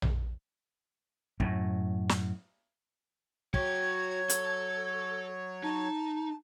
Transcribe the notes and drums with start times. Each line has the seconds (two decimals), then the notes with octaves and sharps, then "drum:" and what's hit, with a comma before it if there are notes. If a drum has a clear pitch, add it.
0.02 drum: tom A#1
1.40 F#2 A2, drum: kick
2.09 drum: snare
3.54 F#3 F#4 C#5 G5 G#6, drum: kick
4.29 A4, drum: hi-hat
5.63 D#4 A5